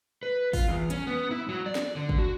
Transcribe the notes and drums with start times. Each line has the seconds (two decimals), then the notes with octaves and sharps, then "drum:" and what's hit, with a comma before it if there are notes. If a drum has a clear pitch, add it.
0.23 B4
0.53 F4, drum: kick, open hi-hat
0.68 E2
0.90 C#4, drum: hi-hat
1.07 B3
1.31 E4
1.49 F#3
1.66 D5
1.75 drum: snare
1.96 D3
2.09 drum: kick
2.19 F#4